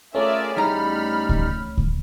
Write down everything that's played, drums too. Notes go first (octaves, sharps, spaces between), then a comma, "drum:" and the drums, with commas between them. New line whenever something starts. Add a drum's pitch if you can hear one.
A3 C#4 F4 G#4 A#4 D5 E5
E2 G3 D#4 A#5 B5 F6
drum: kick C#2
drum: kick C#2